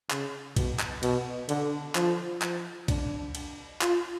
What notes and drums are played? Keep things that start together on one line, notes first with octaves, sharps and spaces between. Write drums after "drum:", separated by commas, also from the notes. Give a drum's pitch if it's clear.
C#3, drum: clap
B2, drum: kick B1, cymbal
drum: clap
B2, drum: cymbal
D3, drum: cymbal
F3, drum: clap
F3, drum: clap
D4, drum: kick B1, cymbal
drum: cymbal
F4, drum: clap